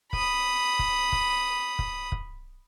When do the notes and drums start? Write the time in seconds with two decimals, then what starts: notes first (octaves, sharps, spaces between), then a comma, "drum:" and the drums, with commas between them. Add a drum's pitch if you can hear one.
0.13 B5 D#6, drum: kick
0.79 drum: kick
1.12 drum: kick
1.79 drum: kick
2.12 drum: kick